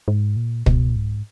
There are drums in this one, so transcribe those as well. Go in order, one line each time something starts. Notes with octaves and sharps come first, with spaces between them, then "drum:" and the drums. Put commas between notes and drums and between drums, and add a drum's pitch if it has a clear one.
G#2
A#2
B2, drum: kick
A#2
G#2